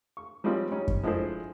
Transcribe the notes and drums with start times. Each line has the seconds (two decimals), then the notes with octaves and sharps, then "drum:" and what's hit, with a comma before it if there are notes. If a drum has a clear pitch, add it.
0.17 C#6
0.44 F3 G3 G#3 C4 C#4 F4
0.71 G3 C#4 D#4
0.88 drum: kick F#2
1.03 F3 G#3 D4 E4 A4 C5